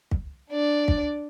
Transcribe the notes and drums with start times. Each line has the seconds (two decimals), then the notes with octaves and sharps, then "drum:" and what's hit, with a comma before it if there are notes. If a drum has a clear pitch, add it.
0.11 drum: kick
0.50 D4 D5
0.88 drum: kick